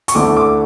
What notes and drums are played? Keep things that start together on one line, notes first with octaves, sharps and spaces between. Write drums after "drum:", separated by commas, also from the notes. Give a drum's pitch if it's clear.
C#6, drum: hi-hat
D2 D3 A3 E4 D6
D6